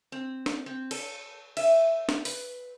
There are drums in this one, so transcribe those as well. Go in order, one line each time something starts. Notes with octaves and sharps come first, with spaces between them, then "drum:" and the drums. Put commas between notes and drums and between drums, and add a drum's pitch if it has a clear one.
C4
drum: snare
C4
A4, drum: cymbal
E5, drum: cymbal
drum: snare
B4, drum: open hi-hat